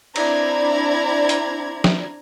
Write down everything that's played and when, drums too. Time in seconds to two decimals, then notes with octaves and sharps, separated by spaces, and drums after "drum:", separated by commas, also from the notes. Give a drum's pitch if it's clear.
0.16 C4 D4 E4 D5 A#5 G#6, drum: cymbal
1.29 drum: hi-hat
1.84 drum: snare